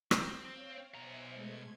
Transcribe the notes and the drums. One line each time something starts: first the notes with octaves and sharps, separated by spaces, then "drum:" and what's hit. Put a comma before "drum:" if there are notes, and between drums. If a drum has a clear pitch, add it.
C4, drum: rim click
C#5 F5
B2 C5 E5 G#5 A#5
G#3 A3 G#6